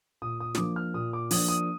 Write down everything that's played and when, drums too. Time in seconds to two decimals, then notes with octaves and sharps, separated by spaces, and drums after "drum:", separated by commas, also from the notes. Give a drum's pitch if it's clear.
0.22 A#2 D#6
0.40 D#6
0.55 D#6, drum: snare
0.58 F3 A#3 D4 D6
0.76 F6
0.94 A#2 D#6
1.13 D6
1.31 F3 A#3 D4 D#6, drum: open hi-hat
1.49 D#6